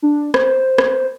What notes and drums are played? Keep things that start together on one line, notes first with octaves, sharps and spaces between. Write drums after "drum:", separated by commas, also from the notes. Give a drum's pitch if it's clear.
D4
C5, drum: rim click
drum: rim click